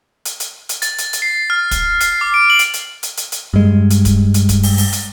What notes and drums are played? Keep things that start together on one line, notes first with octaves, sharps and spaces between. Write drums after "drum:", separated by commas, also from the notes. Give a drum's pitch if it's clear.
drum: hi-hat
drum: hi-hat
drum: hi-hat
A6, drum: hi-hat
drum: hi-hat
drum: hi-hat
C7
F6
drum: kick, hi-hat
C7, drum: hi-hat
D6
D7
F#7
drum: hi-hat
drum: hi-hat
drum: hi-hat
drum: hi-hat
drum: hi-hat
G2 G#3
drum: hi-hat
drum: kick, hi-hat
drum: hi-hat
drum: kick, hi-hat
drum: open hi-hat
drum: open hi-hat
drum: hi-hat